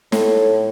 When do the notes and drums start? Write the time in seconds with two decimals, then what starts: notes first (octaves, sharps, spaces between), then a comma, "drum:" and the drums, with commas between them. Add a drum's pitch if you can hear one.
0.12 A2, drum: snare